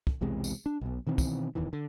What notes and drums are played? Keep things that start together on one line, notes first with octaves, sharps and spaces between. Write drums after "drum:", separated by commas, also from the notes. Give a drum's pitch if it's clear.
drum: kick
B1 E2 C3 G#3
drum: tambourine
D4
B1 B2
B2 D#3 E3 C4
drum: kick, tambourine
D1 E2 D#3 E3
D3